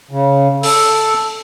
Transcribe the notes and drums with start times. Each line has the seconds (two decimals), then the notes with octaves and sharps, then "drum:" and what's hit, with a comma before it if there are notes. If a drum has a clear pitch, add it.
0.11 C#3
0.63 A4, drum: open hi-hat